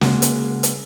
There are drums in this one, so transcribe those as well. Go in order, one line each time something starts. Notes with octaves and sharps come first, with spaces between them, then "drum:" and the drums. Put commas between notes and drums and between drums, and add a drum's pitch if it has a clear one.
C#3 G#3 A#3 F#4, drum: snare
drum: hi-hat
drum: hi-hat